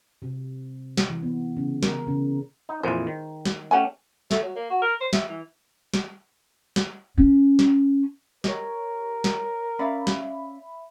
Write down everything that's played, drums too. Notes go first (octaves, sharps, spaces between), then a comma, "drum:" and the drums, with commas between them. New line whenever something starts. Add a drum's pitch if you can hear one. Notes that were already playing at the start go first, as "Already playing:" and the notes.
C3
drum: snare
E3
B3
C#3
A#4, drum: snare
C#3
D#4
F2 A#2 E3 G#3 C5
D#3
drum: snare
A3 C#4 G4 F#5 G#5
A3, drum: snare
F#3
A#3
F#4
A#4
C5
E5, drum: snare
E3
drum: snare
drum: snare
C#4
drum: snare
G4 A#4 C#5 D#5, drum: snare
drum: snare
C#4 D5 E5 F5 B5
drum: snare